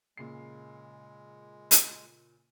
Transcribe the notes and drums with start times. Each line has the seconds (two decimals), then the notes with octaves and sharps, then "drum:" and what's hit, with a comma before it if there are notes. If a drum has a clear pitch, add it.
0.18 A#2 C#3 G#3 C7
1.71 drum: hi-hat